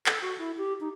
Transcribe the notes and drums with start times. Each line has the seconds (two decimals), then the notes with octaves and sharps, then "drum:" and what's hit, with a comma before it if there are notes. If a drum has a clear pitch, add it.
0.06 A4, drum: clap
0.22 F#4
0.38 E4
0.57 G4
0.80 D#4